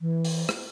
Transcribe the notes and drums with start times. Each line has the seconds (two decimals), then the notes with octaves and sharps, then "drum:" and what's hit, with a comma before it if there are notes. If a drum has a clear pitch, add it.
0.01 E3
0.25 drum: open hi-hat
0.49 drum: rim click